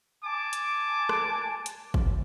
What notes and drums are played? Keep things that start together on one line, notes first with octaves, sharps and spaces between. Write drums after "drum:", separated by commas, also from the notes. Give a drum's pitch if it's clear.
G#5 A5 D6
drum: hi-hat
drum: rim click
drum: hi-hat
drum: kick